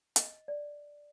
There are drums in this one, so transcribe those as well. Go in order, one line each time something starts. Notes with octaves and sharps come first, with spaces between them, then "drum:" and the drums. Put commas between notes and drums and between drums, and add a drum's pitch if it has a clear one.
D#5, drum: hi-hat
D5